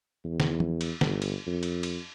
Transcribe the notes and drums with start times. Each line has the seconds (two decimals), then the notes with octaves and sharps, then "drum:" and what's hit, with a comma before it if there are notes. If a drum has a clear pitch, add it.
0.25 E2
0.40 drum: snare
0.60 drum: tom
0.81 drum: cymbal
1.01 G1, drum: snare
1.22 drum: cymbal
1.47 F2
1.63 drum: cymbal
1.83 drum: cymbal